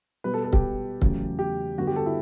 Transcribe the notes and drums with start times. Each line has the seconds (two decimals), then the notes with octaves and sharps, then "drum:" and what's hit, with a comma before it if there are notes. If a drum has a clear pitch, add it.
0.24 B2 G3 B3 B4
0.34 A4
0.44 A4
0.53 G4, drum: kick C#1
1.02 E2 C#3 F#3 A3, drum: kick C#1
1.39 G4
1.78 G2 D3 G3 B3 F#4
1.87 G4
1.96 A4
2.06 E4